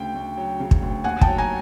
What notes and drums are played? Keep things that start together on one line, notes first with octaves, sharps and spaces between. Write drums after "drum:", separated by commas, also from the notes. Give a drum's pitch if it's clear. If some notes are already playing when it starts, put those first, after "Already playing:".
Already playing: D2 C#3 G5
D2
F#3
C#3
drum: kick
D2
D#2 F#5 G#5
G5 A5, drum: kick
F#3
G#5 A#5